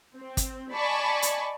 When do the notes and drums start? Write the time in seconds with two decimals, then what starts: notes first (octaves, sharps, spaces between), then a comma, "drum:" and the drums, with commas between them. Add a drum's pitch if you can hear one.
0.16 C4
0.37 drum: kick, hi-hat
0.73 D5 D#5 G#5 A5 B5 C#6
1.22 drum: hi-hat